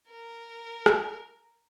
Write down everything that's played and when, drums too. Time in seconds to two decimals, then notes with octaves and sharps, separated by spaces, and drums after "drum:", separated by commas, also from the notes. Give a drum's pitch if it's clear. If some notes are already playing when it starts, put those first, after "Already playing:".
0.10 A#4
0.86 drum: rim click